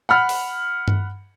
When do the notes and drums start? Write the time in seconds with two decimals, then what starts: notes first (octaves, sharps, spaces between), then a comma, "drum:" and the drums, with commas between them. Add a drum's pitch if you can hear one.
0.09 F#5 B5 F6
0.29 drum: open hi-hat
0.88 drum: tom G2